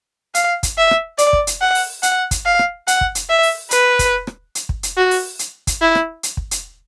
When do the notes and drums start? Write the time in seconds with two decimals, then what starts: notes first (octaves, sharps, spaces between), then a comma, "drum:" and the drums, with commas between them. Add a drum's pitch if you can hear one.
0.35 F5, drum: hi-hat
0.63 drum: kick, hi-hat
0.78 E5
0.91 drum: rim click
1.18 D5, drum: hi-hat
1.33 drum: kick
1.47 drum: hi-hat
1.61 F#5
1.75 drum: open hi-hat
2.03 F#5, drum: hi-hat
2.31 drum: kick, hi-hat
2.45 F5
2.59 drum: rim click
2.88 F#5, drum: hi-hat
3.01 drum: kick
3.15 drum: hi-hat
3.29 E5
3.43 drum: open hi-hat
3.71 B4, drum: hi-hat
3.99 drum: kick, hi-hat
4.27 drum: rim click
4.55 drum: hi-hat
4.69 drum: kick
4.83 drum: hi-hat
4.97 F#4
5.11 drum: open hi-hat
5.39 drum: hi-hat
5.67 drum: kick, hi-hat
5.82 E4
5.95 drum: rim click
6.23 drum: hi-hat
6.37 drum: kick
6.51 drum: hi-hat